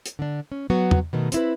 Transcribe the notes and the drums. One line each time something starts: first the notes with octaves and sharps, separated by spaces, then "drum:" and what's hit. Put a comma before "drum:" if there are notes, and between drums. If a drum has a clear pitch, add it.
drum: hi-hat
D3 D4
C#4
F#3 B3 F#4
drum: tom
B2 D#3 A3
C4 E4 B4, drum: hi-hat